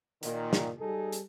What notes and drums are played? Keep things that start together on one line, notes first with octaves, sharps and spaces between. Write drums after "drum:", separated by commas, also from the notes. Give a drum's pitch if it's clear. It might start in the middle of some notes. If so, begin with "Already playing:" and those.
A#2 D#3, drum: hi-hat
drum: snare
G3 D#4 G#4 A4
drum: hi-hat